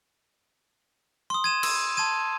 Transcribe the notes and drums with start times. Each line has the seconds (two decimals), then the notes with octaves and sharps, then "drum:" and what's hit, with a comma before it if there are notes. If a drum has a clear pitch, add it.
1.30 C6 D#6
1.44 G#6 D#7 E7
1.63 E6, drum: cymbal
1.97 A5 C6 G#6 D#7